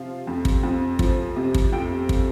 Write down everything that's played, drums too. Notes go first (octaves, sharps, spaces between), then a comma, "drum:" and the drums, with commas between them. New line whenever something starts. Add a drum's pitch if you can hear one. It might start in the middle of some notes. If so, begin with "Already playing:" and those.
Already playing: C3 F3 F5
F2
drum: kick
F2
F3, drum: kick
C3
drum: kick
F2 G5
drum: kick